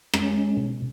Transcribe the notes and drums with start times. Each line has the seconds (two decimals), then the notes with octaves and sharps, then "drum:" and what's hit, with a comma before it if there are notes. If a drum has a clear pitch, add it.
0.14 G#3 C#4, drum: rim click
0.57 B2